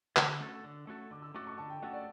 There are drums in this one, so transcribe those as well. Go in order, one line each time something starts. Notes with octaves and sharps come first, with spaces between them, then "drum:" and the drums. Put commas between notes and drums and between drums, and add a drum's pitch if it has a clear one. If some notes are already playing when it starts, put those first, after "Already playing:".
D3 E6, drum: clap
A3 C#4 F#4 A4
D3
A3 C#4 F#4 A4
D3 D6
E6
A3 C#4 F#4 A4 D6
C#6
D3 A5
G5
A3 C#4 F#4 A4 F#5
D5